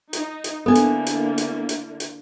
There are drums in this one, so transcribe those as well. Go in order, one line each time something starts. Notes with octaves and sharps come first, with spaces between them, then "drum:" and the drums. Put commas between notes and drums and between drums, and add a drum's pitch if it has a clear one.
D#4, drum: hi-hat
drum: hi-hat
D3 A#3 B3 E4 A4 G#5
drum: hi-hat
drum: hi-hat
drum: hi-hat
drum: hi-hat
drum: hi-hat